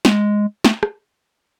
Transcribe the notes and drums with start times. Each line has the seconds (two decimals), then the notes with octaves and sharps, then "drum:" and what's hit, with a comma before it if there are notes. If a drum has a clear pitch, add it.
0.05 G#3, drum: snare
0.64 A3, drum: snare
0.83 drum: rim click